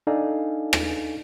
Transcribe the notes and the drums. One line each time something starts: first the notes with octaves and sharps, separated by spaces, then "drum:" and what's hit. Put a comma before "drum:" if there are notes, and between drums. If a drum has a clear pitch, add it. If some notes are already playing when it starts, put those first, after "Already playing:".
D4 D#4 A4 D5 F5 G#5
drum: rim click